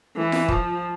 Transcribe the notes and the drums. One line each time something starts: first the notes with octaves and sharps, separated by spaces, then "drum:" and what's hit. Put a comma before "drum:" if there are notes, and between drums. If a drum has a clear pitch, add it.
E3
drum: snare F4
F3, drum: kick